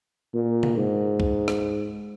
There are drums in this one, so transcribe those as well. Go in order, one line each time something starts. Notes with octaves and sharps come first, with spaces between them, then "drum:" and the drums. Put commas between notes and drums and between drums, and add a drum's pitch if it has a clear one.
A#2
drum: tom C3
G#2
drum: kick
drum: rim click